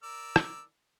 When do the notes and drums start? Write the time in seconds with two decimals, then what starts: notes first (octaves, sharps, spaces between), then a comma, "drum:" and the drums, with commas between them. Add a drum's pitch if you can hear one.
0.03 A#4 D5 E6
0.36 drum: rim click